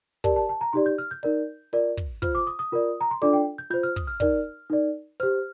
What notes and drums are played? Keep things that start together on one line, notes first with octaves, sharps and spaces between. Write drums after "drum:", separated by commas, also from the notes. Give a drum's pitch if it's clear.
G4 A#4 D5 A5, drum: kick, hi-hat
A5
A5
A#5
D#4 G4 D5 C6
G6
F6
G6
D#4 A#4 D5, drum: hi-hat
F4 A#4 D5, drum: hi-hat
drum: kick
F4 C5 F6, drum: kick, hi-hat
D6
D#6
D#6
F4 A#4 D5
A#5
C6
D4 F4 A4 D5 D6, drum: hi-hat
G5
G6
F4 C5 G6
F6
D#6, drum: kick
F6
D#4 A#4 D5, drum: kick, hi-hat
D#4 A#4 D5
G4 C5 F6, drum: hi-hat